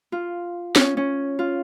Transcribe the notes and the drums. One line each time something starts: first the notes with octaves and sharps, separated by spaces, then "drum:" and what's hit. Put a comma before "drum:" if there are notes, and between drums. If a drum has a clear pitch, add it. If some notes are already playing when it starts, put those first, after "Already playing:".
F4
C#4, drum: snare
C#4
F4